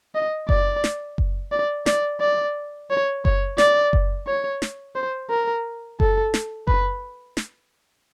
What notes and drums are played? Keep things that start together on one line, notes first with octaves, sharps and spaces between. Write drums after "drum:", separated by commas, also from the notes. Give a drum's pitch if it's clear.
D#5
D5, drum: kick F#1
drum: snare
drum: kick F#1
D5
D5, drum: snare
D5
C#5
C#5, drum: kick F#1
D5, drum: snare
drum: kick F#1
C#5
drum: snare
C5
A#4
A4, drum: kick F#1
drum: snare
B4, drum: kick F#1
drum: snare